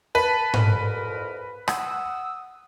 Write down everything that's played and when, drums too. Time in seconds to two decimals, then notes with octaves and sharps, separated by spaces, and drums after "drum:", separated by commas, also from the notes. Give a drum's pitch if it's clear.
0.15 B4 A5
0.54 C2 F2 A#4, drum: tom G#2
1.68 F#5 D#6 E6, drum: rim click